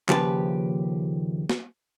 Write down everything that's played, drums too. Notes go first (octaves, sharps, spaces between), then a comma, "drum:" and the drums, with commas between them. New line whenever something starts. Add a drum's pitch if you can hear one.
D#2 C#3 F3 G4 B4 A5, drum: clap
drum: snare